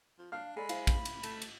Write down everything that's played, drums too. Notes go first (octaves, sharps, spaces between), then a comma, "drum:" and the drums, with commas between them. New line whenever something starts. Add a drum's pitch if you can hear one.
F3
D4 F5 F6
G#3 A4 D5 B5
E4 C5 F5, drum: cymbal
drum: kick, cymbal
drum: cymbal
A3, drum: cymbal
drum: cymbal